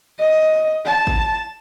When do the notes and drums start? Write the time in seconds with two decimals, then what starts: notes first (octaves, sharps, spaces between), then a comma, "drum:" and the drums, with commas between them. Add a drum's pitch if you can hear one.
0.19 D#5
0.85 A5
1.07 drum: kick